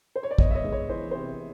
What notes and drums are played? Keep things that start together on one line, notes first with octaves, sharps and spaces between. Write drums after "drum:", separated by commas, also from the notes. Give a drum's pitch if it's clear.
C5
C#5
D5
B3 C#5 D#5, drum: kick
E5
C#5 D#5
G#3
C#5
E3 C5
C3 C5